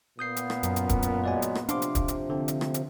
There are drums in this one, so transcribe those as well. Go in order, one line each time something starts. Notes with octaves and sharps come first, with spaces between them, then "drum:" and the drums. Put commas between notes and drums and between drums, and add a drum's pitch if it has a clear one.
A#2 B3 D#6 G6 C7
drum: hi-hat
drum: rim click
F#2 C#4 A#4, drum: hi-hat
drum: hi-hat
drum: kick, hi-hat
drum: hi-hat
F#3 G#3 B4 D5 G#5
drum: hi-hat
drum: rim click
C3 F3 D4 F5 C6 D6, drum: hi-hat
drum: hi-hat
drum: kick, hi-hat
drum: hi-hat
D3 C4
drum: hi-hat
drum: rim click
drum: hi-hat